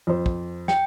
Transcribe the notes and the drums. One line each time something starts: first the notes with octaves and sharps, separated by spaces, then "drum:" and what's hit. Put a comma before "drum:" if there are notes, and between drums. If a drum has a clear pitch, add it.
F2 C5
drum: kick
G5, drum: snare